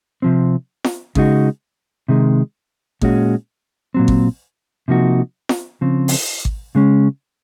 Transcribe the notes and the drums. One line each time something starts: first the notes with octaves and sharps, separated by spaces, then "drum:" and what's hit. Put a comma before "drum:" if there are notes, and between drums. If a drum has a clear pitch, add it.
C3 F3 C4
drum: snare F4
C#3 G#3 D#4 F#4, drum: kick G#1
C3 D#3 G#3
A#2 G#3 C#4 F#4, drum: kick G#1
A#2 F#3 C4
drum: kick G#1
C3 F3 A#3 D#4 F#4
drum: snare F4
C#3 F3 C4
drum: open hi-hat
drum: kick G#1
C#3 G#3 C#4